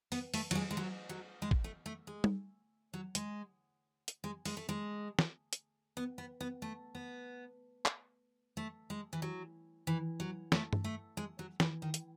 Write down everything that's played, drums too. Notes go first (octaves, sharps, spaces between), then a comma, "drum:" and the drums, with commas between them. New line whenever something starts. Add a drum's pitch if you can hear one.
B3, drum: open hi-hat
A3, drum: open hi-hat
F#3, drum: cymbal
G#3
G#3
F#3
F#3
G#3
drum: kick A1
A3
A3
G#3
drum: tom G3
F#3
G#3, drum: hi-hat
drum: hi-hat
G#3
G#3, drum: open hi-hat
A3
G#3
drum: snare
drum: hi-hat
B3
B3
B3
A3
B3
drum: clap
A3
G#3
E3
F#3
E3
F#3
A3, drum: snare
drum: tom G2
A3
G#3
F#3
E3, drum: snare
D#3
drum: hi-hat